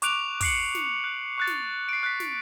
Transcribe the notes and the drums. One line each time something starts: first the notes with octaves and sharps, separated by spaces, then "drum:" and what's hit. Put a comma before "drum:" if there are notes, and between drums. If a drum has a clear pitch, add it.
C#6 D6 F#6 D7 F7, drum: hi-hat
D6 F#6 C7 C#7 F#7, drum: kick, open hi-hat
drum: snare
F#6
C#6 F#6 A6
drum: snare
C7 D7
F#6 B6
drum: snare